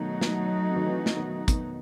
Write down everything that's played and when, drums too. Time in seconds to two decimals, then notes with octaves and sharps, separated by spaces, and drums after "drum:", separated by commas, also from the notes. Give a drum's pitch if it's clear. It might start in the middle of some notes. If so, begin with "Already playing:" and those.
Already playing: B2 D#3 F#3 A3 D#4 F#4
0.21 drum: snare
0.68 C3
0.76 D#3
0.85 C3 E3
1.06 drum: snare
1.16 B2 D#3
1.48 B2 D#3, drum: kick, hi-hat